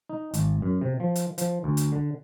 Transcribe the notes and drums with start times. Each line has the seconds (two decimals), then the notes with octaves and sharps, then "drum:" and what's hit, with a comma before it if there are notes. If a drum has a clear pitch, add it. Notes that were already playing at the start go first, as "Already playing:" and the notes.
0.09 D#4
0.34 G#1, drum: hi-hat
0.62 F#2
0.81 C3
1.00 F3
1.16 drum: hi-hat
1.38 F3, drum: hi-hat
1.64 D2
1.77 drum: hi-hat
1.92 D3